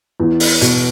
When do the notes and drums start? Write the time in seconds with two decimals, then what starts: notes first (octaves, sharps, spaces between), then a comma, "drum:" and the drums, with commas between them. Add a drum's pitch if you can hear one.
0.20 E2
0.40 drum: open hi-hat
0.61 B2, drum: hi-hat